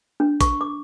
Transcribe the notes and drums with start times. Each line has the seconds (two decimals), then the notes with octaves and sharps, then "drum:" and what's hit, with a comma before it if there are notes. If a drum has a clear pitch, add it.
0.20 D4
0.41 C#6, drum: kick, hi-hat
0.61 D6